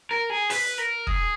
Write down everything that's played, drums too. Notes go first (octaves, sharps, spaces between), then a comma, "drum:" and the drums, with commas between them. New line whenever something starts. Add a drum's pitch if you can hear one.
A#4
G#4
B4, drum: open hi-hat
A#4
G#4, drum: kick